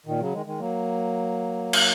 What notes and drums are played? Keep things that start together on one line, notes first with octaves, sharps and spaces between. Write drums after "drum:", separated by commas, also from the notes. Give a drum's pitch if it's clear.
A#2 D#3
C#3 F#3
D#3 G#3
D#3 G#3
F#3 A#3
drum: cymbal